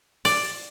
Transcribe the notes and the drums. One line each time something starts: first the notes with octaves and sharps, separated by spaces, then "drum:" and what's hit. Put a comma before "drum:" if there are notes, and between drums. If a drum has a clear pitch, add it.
D5, drum: open hi-hat